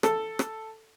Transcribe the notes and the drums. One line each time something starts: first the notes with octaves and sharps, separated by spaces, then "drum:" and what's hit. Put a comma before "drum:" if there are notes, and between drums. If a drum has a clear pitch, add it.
A4, drum: rim click
drum: rim click